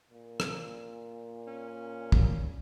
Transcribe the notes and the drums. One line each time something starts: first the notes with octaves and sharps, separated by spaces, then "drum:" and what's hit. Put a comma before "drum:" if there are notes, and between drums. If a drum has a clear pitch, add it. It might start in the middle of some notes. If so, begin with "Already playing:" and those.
A#2
drum: rim click
C#4
drum: kick